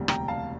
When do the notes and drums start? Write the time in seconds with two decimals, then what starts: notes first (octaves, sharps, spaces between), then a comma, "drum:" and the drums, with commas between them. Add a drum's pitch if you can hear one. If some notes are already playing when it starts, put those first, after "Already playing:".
Already playing: E1 D2 C3 G3
0.08 G5 A#5, drum: rim click
0.28 F5 A5